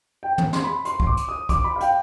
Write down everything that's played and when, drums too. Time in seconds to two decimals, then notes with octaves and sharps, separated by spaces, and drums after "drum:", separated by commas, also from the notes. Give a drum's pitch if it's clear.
0.23 G5
0.38 drum: tom
0.53 C6, drum: snare
0.64 B5
0.85 C6, drum: hi-hat
1.00 C6, drum: kick
1.07 D6
1.17 drum: hi-hat
1.29 D#6
1.49 D6, drum: kick, hi-hat
1.64 B5
1.76 F5
1.81 G5, drum: hi-hat